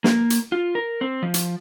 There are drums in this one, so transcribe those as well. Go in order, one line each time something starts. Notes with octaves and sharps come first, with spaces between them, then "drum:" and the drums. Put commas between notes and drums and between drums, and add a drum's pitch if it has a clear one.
A#3, drum: snare
drum: hi-hat
F4
A#4
C4
F3
drum: hi-hat